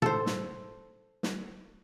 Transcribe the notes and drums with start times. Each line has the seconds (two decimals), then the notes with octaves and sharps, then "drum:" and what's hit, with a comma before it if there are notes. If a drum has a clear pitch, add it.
0.02 A4 C5, drum: tom
0.26 drum: snare
1.23 drum: snare